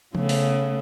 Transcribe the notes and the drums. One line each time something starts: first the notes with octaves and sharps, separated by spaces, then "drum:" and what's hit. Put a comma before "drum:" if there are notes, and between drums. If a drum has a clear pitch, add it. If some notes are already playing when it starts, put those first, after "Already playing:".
C#3 A3 B3, drum: tom F3
drum: open hi-hat